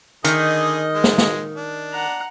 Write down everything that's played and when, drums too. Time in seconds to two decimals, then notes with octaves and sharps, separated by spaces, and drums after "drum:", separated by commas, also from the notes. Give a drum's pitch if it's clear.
0.24 D3 D#3 D#4 G#4 D#5, drum: hi-hat
0.94 G#3
1.04 drum: snare
1.18 drum: snare
1.56 D4
1.93 F#5 A#5